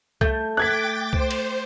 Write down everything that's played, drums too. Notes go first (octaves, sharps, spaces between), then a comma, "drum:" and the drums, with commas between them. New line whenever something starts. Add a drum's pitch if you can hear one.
A3 G6, drum: kick C2
G5 D6 F#6 G#6 A6 B6
C5, drum: kick C2
drum: cymbal